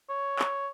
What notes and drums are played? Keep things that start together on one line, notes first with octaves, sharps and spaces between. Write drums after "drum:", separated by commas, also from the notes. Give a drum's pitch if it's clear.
C#5
drum: clap